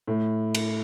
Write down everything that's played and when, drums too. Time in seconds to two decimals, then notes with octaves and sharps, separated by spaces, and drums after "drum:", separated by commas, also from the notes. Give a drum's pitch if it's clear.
0.08 A2
0.55 drum: cymbal